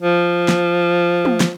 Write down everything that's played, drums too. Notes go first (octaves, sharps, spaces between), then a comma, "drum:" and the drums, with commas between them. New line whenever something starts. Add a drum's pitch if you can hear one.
F3
drum: snare
drum: tom
drum: snare